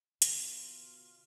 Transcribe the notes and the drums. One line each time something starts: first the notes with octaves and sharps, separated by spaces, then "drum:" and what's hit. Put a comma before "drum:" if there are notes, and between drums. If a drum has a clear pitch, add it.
B2 D3 F4, drum: hi-hat